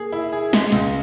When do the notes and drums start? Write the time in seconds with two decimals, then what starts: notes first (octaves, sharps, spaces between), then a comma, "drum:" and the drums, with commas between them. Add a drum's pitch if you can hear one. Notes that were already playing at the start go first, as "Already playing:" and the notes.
Already playing: A#3 G#4
0.12 E4
0.32 G#4
0.53 G#3, drum: snare
0.72 C#2, drum: hi-hat